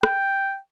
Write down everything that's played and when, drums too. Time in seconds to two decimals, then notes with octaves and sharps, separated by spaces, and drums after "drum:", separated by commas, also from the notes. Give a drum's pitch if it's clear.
0.03 G5, drum: rim click